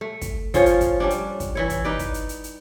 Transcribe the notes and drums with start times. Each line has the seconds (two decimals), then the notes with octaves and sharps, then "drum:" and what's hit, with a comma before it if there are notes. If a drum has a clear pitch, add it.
0.01 A3
0.21 drum: kick, hi-hat
0.54 F3 C#4 F4 C#5, drum: kick, hi-hat
0.66 drum: hi-hat
0.81 drum: kick, hi-hat
1.00 G3 C#4 D4
1.10 drum: hi-hat
1.40 drum: kick, hi-hat
1.55 E3 E4 C#5
1.70 drum: kick, hi-hat
1.84 D#4 B4 D5
1.99 drum: kick, hi-hat
2.14 drum: hi-hat
2.29 drum: hi-hat
2.44 drum: hi-hat